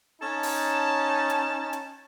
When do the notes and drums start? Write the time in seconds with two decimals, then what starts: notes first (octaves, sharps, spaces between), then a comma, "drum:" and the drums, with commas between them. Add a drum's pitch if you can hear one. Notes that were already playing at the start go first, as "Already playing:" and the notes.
0.21 C#4 D#4 A5
0.43 drum: open hi-hat
1.30 drum: hi-hat
1.73 drum: hi-hat